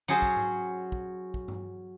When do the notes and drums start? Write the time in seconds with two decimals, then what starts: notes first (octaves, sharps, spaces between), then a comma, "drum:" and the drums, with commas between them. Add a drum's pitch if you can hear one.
0.08 F#3 C#4 G#4 C5 A5
0.22 drum: kick
0.36 drum: tom G#2
0.92 drum: kick
1.34 drum: kick
1.48 drum: tom G2